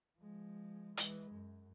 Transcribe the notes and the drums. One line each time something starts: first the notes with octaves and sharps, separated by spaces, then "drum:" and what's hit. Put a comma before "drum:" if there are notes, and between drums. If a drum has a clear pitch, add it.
F3 G#3
E3 G#3, drum: hi-hat
F#2